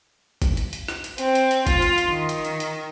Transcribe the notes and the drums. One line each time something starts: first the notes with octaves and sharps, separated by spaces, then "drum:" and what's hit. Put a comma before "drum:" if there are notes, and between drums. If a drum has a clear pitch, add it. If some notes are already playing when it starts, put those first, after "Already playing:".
drum: kick G1, hi-hat
drum: hi-hat
drum: hi-hat
drum: rim click
drum: hi-hat
C4, drum: hi-hat
drum: hi-hat
drum: hi-hat
F4, drum: kick G1, hi-hat
drum: hi-hat
drum: hi-hat
D#3
drum: hi-hat
drum: hi-hat
drum: hi-hat